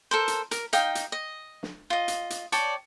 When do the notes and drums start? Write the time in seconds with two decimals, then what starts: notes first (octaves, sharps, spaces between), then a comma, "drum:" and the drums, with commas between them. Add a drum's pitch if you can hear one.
0.11 A4 A#4 C5
0.28 drum: hi-hat
0.51 A#4, drum: hi-hat
0.73 D#4 F5 G5 D#6, drum: hi-hat
0.95 drum: hi-hat
1.12 D#5
1.63 drum: snare
1.90 F4 D#5
2.08 drum: hi-hat
2.30 drum: hi-hat
2.52 C#5 D5 G5 A5, drum: hi-hat